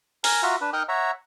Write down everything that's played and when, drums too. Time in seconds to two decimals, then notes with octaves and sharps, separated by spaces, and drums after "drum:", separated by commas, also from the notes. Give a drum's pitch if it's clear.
0.24 A#4 G#5 A#5, drum: open hi-hat
0.43 F4 F#4 E5 F#5 A#5 F6
0.61 D4 B4
0.73 D#4 A#4 G5 D#6 F6 F#6
0.88 C#5 E5 F#5 A#5